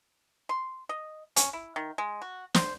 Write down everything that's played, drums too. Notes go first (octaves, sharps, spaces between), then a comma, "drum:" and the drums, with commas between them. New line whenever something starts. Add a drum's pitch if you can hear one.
C6
D#5
C#4, drum: hi-hat
E4
D#3
G#3
F#4
C5, drum: snare